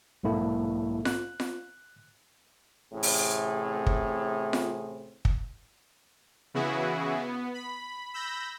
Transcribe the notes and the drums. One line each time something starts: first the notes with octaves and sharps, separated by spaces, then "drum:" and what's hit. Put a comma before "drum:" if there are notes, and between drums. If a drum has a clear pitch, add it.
B1 G#2 A#3 E4 A4
F#6, drum: snare F4
drum: snare F4
A1 A2 C3 C4 G#4
drum: open hi-hat
drum: kick
drum: snare F4
drum: kick
C#3 E3 B3 E4 F#4 G#4
B3
B5
B5 E6 G6 A#6